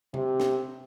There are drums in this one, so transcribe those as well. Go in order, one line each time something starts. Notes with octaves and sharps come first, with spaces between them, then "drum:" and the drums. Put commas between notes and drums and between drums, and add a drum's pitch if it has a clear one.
C3, drum: tom C3
drum: snare